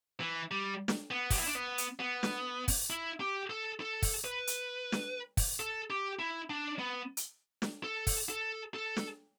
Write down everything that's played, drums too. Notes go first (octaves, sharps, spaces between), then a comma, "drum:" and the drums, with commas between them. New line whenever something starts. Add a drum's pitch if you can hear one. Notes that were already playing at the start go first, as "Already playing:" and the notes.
E3
G3
drum: snare
B3
G4, drum: kick, open hi-hat
E4
D4
B3
drum: hi-hat
B3
drum: snare
drum: kick, open hi-hat
E4
G4
A4
A4
drum: kick, open hi-hat
B4
drum: hi-hat
drum: snare
drum: kick, open hi-hat
A4
G4
E4
D4
B3
drum: hi-hat
drum: snare
A4
drum: kick, open hi-hat
A4
A4
drum: snare